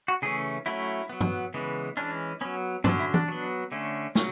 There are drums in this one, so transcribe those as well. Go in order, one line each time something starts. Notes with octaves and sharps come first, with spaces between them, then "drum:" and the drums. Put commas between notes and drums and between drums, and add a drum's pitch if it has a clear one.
F#4
C#3 E3 A3 C#4 G#4
F#3 A3 C#4 E4
F#3 B3
drum: tom G2
C#3 E3 G#3 B3
E3 G#3 C#4 D4
F#3 B3 C#4
D3 F#3 C#4 D4, drum: tom G2
E4
D4, drum: tom E3
F#3 B3
D3 A3 C#4
C#3 F#3 C#4, drum: snare